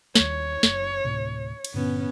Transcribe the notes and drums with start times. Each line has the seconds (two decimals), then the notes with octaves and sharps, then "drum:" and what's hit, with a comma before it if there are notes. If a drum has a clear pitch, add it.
0.15 D#2 D#3 G3 C#5, drum: snare
0.63 F#1, drum: snare
1.04 D2 A2 C3
1.65 drum: cymbal
1.74 G2 A#2 D3 B3 C#4